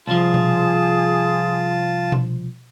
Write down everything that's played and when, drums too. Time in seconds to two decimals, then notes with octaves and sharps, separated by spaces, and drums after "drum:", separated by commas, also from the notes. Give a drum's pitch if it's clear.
0.07 C2 F3 F4 G#4 A5
0.34 drum: tom B2
2.12 drum: tom B2